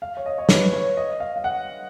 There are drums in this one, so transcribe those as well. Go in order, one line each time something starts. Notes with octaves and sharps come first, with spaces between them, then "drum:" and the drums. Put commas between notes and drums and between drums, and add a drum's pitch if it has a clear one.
F5
C#5
D#5
C#5
B4, drum: snare
C#5
D#5
F5
F5
F#5